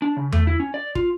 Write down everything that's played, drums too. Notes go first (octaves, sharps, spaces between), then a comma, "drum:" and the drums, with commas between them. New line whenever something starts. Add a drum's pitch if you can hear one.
D4
C#3
A3, drum: tom E2
E4
C#4
D5
F4, drum: kick